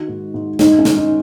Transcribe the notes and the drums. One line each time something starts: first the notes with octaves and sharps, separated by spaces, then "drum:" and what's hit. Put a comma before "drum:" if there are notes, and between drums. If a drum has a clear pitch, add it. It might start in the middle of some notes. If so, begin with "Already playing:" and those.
Already playing: D#3 F#4
G#2
G#2
G#2 D#4, drum: snare
C#4
D#3, drum: snare
D#4